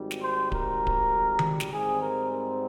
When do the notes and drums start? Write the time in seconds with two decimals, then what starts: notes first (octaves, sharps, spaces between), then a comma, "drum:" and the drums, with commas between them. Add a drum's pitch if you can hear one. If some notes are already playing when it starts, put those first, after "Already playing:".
Already playing: G#1 G#2 G3
0.11 drum: snare
0.22 C5
0.52 A#4, drum: kick D1
0.87 drum: kick D1
1.39 drum: tom D#3
1.60 drum: snare
1.71 G#2 G3 C4 G#4
2.01 A#4
2.31 A#4